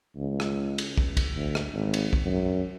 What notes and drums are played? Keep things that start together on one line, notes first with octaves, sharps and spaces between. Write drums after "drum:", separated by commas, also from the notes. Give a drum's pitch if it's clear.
C#2
drum: rim click
drum: cymbal
drum: kick
drum: kick, cymbal
D2
drum: rim click
G#1
drum: cymbal
drum: kick
F#2